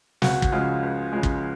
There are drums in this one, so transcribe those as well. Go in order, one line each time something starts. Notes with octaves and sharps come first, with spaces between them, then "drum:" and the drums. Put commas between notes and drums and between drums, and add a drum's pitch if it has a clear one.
C#2 F#4, drum: snare
drum: kick
C#3 F3 G#3 F4
C#2
C#3 F3 G#3
drum: kick